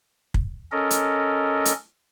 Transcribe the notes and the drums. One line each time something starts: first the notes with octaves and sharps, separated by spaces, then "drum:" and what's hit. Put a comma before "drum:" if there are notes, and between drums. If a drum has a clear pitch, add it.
drum: kick
C#4 A4 A#4 D#5
drum: hi-hat
drum: hi-hat